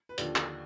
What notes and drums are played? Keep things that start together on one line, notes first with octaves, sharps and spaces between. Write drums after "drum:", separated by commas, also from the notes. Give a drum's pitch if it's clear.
B4
D#2 D3 F3 D5, drum: hi-hat
drum: clap